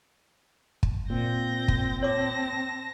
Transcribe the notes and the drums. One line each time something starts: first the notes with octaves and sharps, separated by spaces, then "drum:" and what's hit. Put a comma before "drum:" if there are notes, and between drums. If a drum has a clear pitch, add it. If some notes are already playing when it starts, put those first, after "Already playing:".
drum: kick
A#2 C4 G6 A#6
drum: kick
C#5 A5 D6 A#6